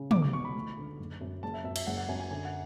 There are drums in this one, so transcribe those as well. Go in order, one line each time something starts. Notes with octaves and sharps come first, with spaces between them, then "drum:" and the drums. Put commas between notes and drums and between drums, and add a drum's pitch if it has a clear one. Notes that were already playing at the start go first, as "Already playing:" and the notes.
Already playing: C#3
B1 D6, drum: tom
D6
B2 C#6
B5
D2
D3
F#1
F#2
F#1 A5
E5
F#2 E5
E5, drum: cymbal
F#1 F#5
F#5
F#2 G#5
G#5
D3 G#5
F#5